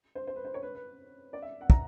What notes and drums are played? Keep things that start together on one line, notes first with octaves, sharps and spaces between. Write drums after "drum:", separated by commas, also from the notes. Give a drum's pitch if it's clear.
C5
C5
B4
C5
C#5
B4
B4
D5
E5
F#5
A#5, drum: kick